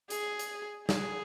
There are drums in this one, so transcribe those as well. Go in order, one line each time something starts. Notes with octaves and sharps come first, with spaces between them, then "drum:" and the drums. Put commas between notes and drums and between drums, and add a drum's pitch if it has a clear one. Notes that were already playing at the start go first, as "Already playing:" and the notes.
G#4, drum: hi-hat
drum: hi-hat
G#4, drum: snare